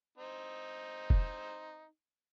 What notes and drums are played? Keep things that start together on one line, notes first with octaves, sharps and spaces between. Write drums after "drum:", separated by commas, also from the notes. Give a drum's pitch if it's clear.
C4 D#4 C5
drum: kick